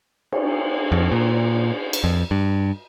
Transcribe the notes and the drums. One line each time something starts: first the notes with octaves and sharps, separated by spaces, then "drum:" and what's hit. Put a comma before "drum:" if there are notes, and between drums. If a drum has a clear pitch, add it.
drum: cymbal
F2
A#2
drum: cymbal
F2
G2